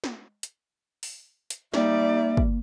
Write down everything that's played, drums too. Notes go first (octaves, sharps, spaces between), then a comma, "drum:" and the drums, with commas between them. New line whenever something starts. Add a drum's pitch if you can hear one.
drum: snare
drum: hi-hat
drum: open hi-hat
drum: hi-hat
G3 A#3 D#4 D5 E5, drum: snare
drum: kick